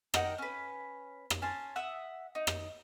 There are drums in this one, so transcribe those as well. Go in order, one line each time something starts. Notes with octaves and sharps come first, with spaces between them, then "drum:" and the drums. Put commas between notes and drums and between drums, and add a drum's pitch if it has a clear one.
D#4 A#4 F#5 G5, drum: rim click
C#4 B4
drum: rim click
C#4 G#5 A5 C6
E5 F#5 D#6 E6
D#4
drum: rim click